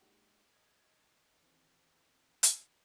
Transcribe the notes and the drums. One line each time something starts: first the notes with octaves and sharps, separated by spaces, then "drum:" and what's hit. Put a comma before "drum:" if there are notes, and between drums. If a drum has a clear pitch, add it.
G#3 A#3 D4 D#4 F#4 G4
D#5 G#6
D#3 E3 C4
drum: hi-hat